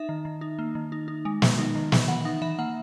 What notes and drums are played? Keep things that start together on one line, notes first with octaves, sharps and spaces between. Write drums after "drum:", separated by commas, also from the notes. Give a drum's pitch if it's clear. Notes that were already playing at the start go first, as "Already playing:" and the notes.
Already playing: D#4 E5
D#3
D#3
D#4
A#3
D#3
D#4
D#4
G#3
D#3, drum: snare
D#4
D#3
E3 E5, drum: snare
E3 F#5
D#4 F#5
E3 E5
A#3 F#5